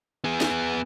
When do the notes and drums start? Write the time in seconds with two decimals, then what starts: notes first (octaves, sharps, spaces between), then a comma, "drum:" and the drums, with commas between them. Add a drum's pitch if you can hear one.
0.24 B3 G#4
0.41 drum: snare